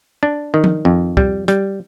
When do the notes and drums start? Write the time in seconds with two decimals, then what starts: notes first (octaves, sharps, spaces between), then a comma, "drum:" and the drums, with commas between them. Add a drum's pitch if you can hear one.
0.23 D4
0.54 D#3
0.64 drum: tom
0.85 F2
1.17 G3, drum: kick
1.48 G3, drum: hi-hat